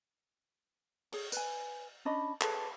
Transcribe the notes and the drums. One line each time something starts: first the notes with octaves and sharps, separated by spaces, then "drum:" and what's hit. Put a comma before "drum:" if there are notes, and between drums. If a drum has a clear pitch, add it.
G#4 C#5, drum: open hi-hat
B4 G#5, drum: tambourine
C#4 D4 D#5 B5
G#4 A4 B4 C#5, drum: clap